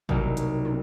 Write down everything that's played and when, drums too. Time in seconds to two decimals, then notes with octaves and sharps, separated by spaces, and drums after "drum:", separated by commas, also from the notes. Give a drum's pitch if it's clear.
0.09 C2 B2 F#3 A#3 D#4, drum: kick G#1
0.37 drum: hi-hat
0.65 drum: tom